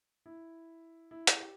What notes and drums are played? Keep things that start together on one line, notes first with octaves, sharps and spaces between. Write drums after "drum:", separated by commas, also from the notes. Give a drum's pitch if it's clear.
E4
E4
drum: hi-hat
G4